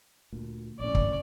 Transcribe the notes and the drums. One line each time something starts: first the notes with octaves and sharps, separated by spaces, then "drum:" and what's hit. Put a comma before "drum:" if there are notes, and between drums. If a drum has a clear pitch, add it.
D2 A#2
A#1 F2 A2 C#4 D5
drum: kick